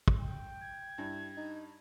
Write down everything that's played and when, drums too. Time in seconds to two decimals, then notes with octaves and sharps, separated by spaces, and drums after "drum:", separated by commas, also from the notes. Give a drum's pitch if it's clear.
0.08 drum: kick
0.17 G5
0.61 G#6
0.98 G2 E4
1.37 D#4